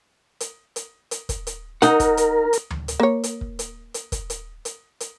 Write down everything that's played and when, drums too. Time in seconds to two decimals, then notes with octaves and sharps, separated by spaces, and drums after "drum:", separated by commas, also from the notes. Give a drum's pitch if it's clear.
0.40 drum: hi-hat
0.76 drum: hi-hat
1.11 drum: hi-hat
1.29 drum: kick, hi-hat
1.47 drum: hi-hat
1.82 D#4 A#4 F#5, drum: hi-hat
2.00 drum: kick, hi-hat
2.17 drum: hi-hat
2.53 drum: hi-hat
2.70 drum: tom D2
2.88 drum: hi-hat
3.00 A#3 C#5
3.24 drum: hi-hat
3.41 drum: kick
3.59 drum: hi-hat
3.94 drum: hi-hat
4.12 drum: kick, hi-hat
4.30 drum: hi-hat
4.65 drum: hi-hat
5.00 drum: hi-hat